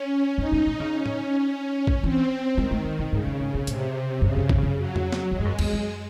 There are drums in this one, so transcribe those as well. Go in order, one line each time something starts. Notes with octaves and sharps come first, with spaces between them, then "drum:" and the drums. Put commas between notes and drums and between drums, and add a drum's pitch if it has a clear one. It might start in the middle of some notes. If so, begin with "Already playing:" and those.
Already playing: C#4
F#2 D#4
G#2
A2
D#3
C#3
C#4
drum: tom A2
drum: kick A1
E3 C4
D#3 G#3
A3
G#3
C3
G#2 C#3
F#2
G#2
C3
A2 C3, drum: hi-hat
F#2 C#3
F#2
F#2, drum: kick A1
F#2
F#3
drum: tom F2
drum: snare
E2 G#3
G#2
F#2
E2, drum: cymbal
F#2